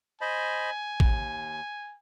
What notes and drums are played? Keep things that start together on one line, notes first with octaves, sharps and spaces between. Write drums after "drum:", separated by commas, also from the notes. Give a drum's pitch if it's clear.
C5 D#5 G#5 B5
D#2, drum: kick A1